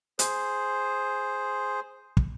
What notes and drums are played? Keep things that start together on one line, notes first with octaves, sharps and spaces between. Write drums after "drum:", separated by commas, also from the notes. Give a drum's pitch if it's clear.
G#4 C5, drum: hi-hat
drum: kick